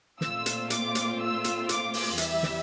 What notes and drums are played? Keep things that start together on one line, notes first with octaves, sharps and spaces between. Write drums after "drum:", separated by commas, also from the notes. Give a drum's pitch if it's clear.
A#2 A3 C4 F4 E6, drum: snare
drum: hi-hat
D6, drum: hi-hat
drum: hi-hat
E6
drum: hi-hat
D6, drum: hi-hat
drum: open hi-hat
E2 E3 G3 E5, drum: hi-hat
drum: snare